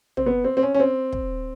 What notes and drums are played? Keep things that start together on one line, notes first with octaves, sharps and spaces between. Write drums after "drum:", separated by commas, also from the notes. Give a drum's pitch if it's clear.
C4, drum: tom
B3
C4
C4
C#4
C#4
C4
drum: kick